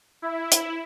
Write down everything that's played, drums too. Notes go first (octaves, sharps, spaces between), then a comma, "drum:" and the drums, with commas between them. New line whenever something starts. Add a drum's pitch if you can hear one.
E4
drum: hi-hat